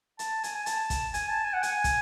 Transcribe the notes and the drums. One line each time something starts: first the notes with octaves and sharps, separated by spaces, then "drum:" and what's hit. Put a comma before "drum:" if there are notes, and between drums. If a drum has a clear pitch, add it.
A5, drum: hi-hat
G#5, drum: hi-hat
G#5
A5, drum: hi-hat
drum: kick, hi-hat
G#5, drum: hi-hat
A5
G#5
F#5
G#5, drum: hi-hat
drum: kick, hi-hat